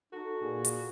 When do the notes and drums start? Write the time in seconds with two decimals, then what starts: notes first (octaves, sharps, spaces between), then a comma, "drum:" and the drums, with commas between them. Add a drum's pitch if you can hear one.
0.13 D#4 F#4 A4
0.42 A#2 G#4
0.65 drum: hi-hat